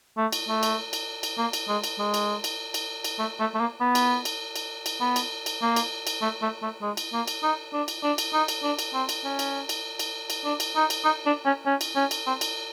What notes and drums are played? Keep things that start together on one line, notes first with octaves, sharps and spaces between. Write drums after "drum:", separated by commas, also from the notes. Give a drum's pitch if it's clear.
A3
drum: cymbal
A3
drum: cymbal
drum: cymbal
drum: cymbal
A#3
drum: cymbal
G#3
drum: cymbal
G#3
drum: cymbal
drum: cymbal
drum: cymbal
drum: cymbal
A3
A3
A3
A#3
B3
drum: cymbal
drum: cymbal
drum: cymbal
drum: cymbal
B3
drum: cymbal
drum: cymbal
A#3
drum: cymbal
drum: cymbal
A3
A3
A3
G#3
drum: cymbal
A#3
drum: cymbal
D#4
D4
drum: cymbal
D4
drum: cymbal
D#4
drum: cymbal
D4
drum: cymbal
C4
drum: cymbal
C#4
drum: cymbal
drum: cymbal
drum: cymbal
drum: cymbal
D4
drum: cymbal
D#4
drum: cymbal
D#4
D4
C#4
C#4
drum: cymbal
C#4
drum: cymbal
C4
drum: cymbal